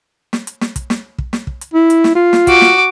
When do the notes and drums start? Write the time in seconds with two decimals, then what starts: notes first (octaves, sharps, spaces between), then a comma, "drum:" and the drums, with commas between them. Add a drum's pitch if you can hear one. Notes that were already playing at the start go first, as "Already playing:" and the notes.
0.33 drum: snare
0.47 drum: hi-hat
0.61 drum: snare
0.76 drum: kick, hi-hat
0.90 drum: snare
1.18 drum: kick
1.33 drum: snare
1.47 drum: kick
1.61 drum: hi-hat
1.74 E4
1.90 drum: hi-hat
2.04 drum: snare
2.15 F4
2.33 drum: snare
2.47 F#4 D6, drum: kick, hi-hat
2.61 drum: snare